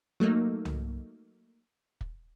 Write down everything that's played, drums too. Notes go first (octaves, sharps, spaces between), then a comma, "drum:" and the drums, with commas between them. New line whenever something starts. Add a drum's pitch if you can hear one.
F#3 A3 A#3 D#4
drum: tom C2
drum: kick